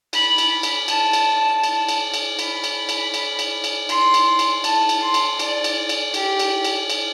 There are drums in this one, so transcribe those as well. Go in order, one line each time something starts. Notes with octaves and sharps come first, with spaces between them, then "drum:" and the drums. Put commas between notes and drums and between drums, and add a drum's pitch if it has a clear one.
B5, drum: cymbal
drum: cymbal
drum: cymbal
A5, drum: cymbal
drum: cymbal
drum: cymbal
drum: cymbal
drum: cymbal
B5, drum: cymbal
drum: cymbal
drum: cymbal
drum: cymbal
drum: cymbal
drum: cymbal
C6, drum: cymbal
drum: cymbal
drum: cymbal
A5, drum: cymbal
drum: cymbal
C6
drum: cymbal
D5, drum: cymbal
drum: cymbal
drum: cymbal
G4, drum: cymbal
drum: cymbal
drum: cymbal
drum: cymbal